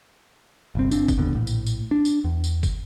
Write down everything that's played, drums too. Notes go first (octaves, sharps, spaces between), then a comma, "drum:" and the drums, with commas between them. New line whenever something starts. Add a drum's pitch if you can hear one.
G1 C2 C4
G1 C4 D4, drum: tambourine
drum: kick, tambourine
D#1 E2 B2 D3
A#1 A2
drum: tambourine
drum: tambourine
D4
drum: tambourine
E2
drum: tambourine
drum: kick, tambourine